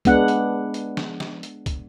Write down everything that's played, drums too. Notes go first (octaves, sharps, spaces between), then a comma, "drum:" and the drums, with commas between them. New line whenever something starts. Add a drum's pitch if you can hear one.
G#3 B3 D4 F#5, drum: kick, hi-hat
drum: hi-hat
drum: hi-hat
drum: snare
drum: snare
drum: hi-hat
drum: kick, hi-hat